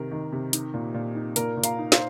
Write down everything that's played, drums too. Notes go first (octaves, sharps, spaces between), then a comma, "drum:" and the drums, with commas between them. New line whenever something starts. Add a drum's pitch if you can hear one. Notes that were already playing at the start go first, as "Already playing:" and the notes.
Already playing: C3 D#3 A#4
D#3
C3
D#4, drum: hi-hat
A#2
A#2
D#4
A#2 A#4, drum: hi-hat
A#2
F5 A#5, drum: hi-hat
D#4
C5 F5, drum: snare